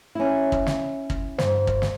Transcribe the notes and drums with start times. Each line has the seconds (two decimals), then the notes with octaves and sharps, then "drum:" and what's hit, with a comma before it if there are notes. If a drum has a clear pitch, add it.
0.15 C#4 E4
0.52 drum: kick
0.66 drum: snare
1.10 drum: kick
1.39 G2 C5, drum: snare
1.67 drum: kick
1.82 drum: snare